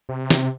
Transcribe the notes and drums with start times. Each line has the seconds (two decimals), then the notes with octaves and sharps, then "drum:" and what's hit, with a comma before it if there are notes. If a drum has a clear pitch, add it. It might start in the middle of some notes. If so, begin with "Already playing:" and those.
0.09 C3
0.30 drum: snare